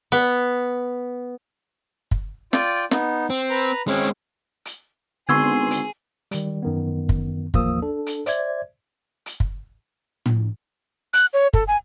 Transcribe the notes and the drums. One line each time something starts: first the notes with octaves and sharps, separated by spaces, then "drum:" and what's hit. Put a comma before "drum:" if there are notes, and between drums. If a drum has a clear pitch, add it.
B3
drum: kick
F4 D5 G5, drum: snare
B3 D#4, drum: snare
C4
B4 A#5
G#3 C4 C#4
drum: hi-hat
G#1 D3 B3 G#4 C6 C#6 E6 G#6
drum: hi-hat
D#3 G3, drum: hi-hat
F#2 D#3 B3
drum: kick
A1 D#2 F3 A#3 D#6 E6, drum: kick
D4 A4
drum: hi-hat
C5 D5 E5 G#6, drum: hi-hat
drum: hi-hat
drum: kick
drum: tom A2
F#6, drum: hi-hat
C#5
A4, drum: kick
G#5